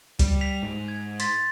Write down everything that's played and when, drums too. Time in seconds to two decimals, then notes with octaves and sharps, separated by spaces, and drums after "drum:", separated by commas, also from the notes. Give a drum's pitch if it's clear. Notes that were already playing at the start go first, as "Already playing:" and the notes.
0.19 G3, drum: kick C#2, hi-hat
0.41 B6 F7
0.63 G#2
0.88 G#6
1.20 C6 A6 B6, drum: hi-hat